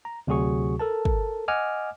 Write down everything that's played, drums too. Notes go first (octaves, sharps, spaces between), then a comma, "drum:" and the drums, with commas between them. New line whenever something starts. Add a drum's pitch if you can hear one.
A#5
D2 C3 F#3 F#4 G#4 C#6
A4 A#4 A5
drum: kick
D#5 F#5 G#5 D6 F6